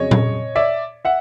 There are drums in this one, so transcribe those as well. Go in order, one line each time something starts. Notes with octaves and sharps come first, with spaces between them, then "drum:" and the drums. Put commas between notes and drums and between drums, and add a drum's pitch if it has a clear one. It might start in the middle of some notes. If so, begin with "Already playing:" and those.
Already playing: F2 C#3 F#3 C#5 D#5
drum: tom A#2
D5 E5
E5 F#5